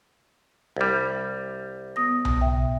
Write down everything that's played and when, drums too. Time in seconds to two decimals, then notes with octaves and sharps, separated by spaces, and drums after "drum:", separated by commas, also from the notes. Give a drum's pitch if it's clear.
0.77 C2 G3
1.96 B3 D#6 A#6
2.25 drum: tom B1
2.41 B2 E5 G5